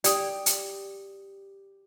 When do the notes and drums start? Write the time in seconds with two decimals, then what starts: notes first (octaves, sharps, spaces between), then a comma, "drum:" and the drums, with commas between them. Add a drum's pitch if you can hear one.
0.04 G4 D5 D#6, drum: hi-hat
0.46 drum: hi-hat